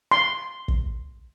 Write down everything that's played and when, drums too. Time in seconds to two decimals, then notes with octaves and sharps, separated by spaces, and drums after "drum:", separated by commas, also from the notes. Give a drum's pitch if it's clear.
0.12 C6
0.68 drum: kick